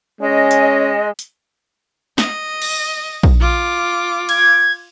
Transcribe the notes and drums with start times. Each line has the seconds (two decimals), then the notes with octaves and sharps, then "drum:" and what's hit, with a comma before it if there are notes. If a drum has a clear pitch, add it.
0.21 G#3 C#4 D#5
0.51 drum: hi-hat
1.19 drum: hi-hat
2.18 D#5, drum: snare
2.62 drum: cymbal
3.23 drum: kick
3.41 F4 D6
4.29 G#6, drum: cymbal